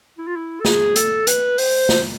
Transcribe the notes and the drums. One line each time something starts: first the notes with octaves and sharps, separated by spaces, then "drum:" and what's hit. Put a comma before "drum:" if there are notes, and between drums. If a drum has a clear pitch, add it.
E4
F4
E4
A4
G#4, drum: snare
A4, drum: hi-hat
B4, drum: hi-hat
C5, drum: open hi-hat
drum: snare